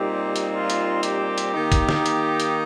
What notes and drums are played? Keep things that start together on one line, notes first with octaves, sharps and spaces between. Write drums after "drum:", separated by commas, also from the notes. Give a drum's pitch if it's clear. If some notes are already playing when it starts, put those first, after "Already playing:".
Already playing: A#2 G3 C4 D#4 G4
drum: hi-hat
F4
drum: hi-hat
G4, drum: hi-hat
drum: hi-hat
D#3 A#3 D#4
drum: kick, hi-hat
drum: snare
drum: hi-hat
drum: hi-hat